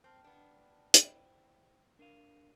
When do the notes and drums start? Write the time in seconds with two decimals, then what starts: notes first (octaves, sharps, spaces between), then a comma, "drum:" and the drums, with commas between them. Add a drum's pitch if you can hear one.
0.04 C4 G5 A5 F6
0.24 B3 D4
0.94 E4 C5 G5, drum: hi-hat
1.99 D4 A#4 F5 C7 D#7